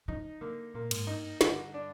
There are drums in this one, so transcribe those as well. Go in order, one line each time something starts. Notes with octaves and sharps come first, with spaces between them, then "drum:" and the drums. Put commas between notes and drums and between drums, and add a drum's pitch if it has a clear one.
F3 D#4
D3 A#3
A#2 A#3
G#2, drum: cymbal
G2 D#4
G2 D3, drum: snare
D4